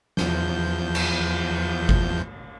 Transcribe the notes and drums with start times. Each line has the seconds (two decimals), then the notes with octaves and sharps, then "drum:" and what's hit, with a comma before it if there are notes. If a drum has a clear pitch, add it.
0.17 E2 F3 G6, drum: snare
0.95 drum: cymbal
1.89 drum: kick G1